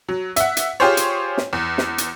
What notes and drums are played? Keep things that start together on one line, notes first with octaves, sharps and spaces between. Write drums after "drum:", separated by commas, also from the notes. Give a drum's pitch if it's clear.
F#3
E5 F#5, drum: hi-hat
drum: hi-hat
F4 G4 G#4 C5 C#5
drum: hi-hat
drum: snare
E2
drum: snare
drum: hi-hat